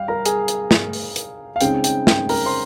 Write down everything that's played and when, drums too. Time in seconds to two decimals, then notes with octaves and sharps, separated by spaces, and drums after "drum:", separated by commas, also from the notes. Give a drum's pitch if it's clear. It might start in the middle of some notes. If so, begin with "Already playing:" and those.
Already playing: G3 F5 G5
0.08 A#4 A#5
0.25 G#4 G#5, drum: hi-hat
0.48 drum: hi-hat
0.71 drum: snare
0.93 drum: open hi-hat
1.16 drum: hi-hat
1.56 F5
1.61 C#3 G#3 C4 D#4 G5, drum: hi-hat
1.84 G5, drum: hi-hat
2.07 G5, drum: snare
2.29 A#4 A#5, drum: open hi-hat
2.46 C5 C6